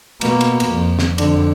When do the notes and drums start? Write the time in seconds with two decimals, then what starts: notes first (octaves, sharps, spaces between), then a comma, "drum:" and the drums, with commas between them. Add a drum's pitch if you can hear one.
0.21 B2 A#3, drum: cymbal
0.41 drum: cymbal
0.60 drum: cymbal
0.72 F2
0.99 drum: snare
1.18 F2 D3, drum: cymbal